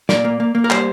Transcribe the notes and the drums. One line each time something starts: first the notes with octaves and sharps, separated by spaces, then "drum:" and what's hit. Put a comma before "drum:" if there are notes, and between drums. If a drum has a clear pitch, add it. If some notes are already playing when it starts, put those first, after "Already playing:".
A#2 D5, drum: snare
A#3
A#3
A#3
A#4
G3 C5, drum: clap